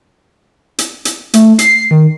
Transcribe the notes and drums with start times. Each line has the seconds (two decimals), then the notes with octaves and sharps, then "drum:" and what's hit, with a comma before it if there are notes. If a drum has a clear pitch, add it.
0.78 drum: hi-hat
1.05 drum: hi-hat
1.34 A3, drum: hi-hat
1.59 C7, drum: hi-hat
1.91 D#3